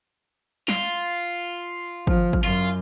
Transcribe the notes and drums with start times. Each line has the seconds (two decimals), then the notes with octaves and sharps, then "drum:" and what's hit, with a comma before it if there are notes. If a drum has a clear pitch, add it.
0.68 F4, drum: snare
2.07 F3, drum: kick
2.33 drum: kick
2.44 F#2 F4